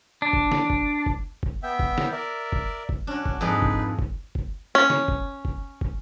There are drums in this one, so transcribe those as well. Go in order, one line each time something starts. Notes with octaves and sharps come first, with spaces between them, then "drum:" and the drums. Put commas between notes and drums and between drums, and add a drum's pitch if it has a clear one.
D4
drum: kick
drum: snare
drum: kick
drum: kick
drum: kick
B3 E5 G5
drum: kick
drum: snare
A#4 D5 E5
drum: kick
drum: kick
C#4 D4 F#4
drum: kick
F2 G#2 D#4 G#4 B4 D#5
drum: kick
drum: kick
drum: kick
C#4
drum: snare
drum: kick
drum: kick
drum: kick